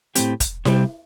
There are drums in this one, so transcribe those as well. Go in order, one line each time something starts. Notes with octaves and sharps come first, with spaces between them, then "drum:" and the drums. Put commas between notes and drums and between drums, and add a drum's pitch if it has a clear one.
A2 G3 C4 G4, drum: hi-hat
drum: kick, hi-hat
C3 G3 C4, drum: snare E4